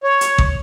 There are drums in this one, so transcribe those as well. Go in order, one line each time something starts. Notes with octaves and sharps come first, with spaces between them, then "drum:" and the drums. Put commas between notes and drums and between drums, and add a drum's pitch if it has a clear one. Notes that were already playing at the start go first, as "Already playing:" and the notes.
C#5
drum: hi-hat
drum: kick A1